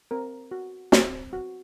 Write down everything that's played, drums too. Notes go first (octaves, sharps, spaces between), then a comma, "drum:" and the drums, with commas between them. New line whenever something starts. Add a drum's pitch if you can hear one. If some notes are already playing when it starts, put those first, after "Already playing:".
C4 A#4
F#4
C4, drum: snare
F#4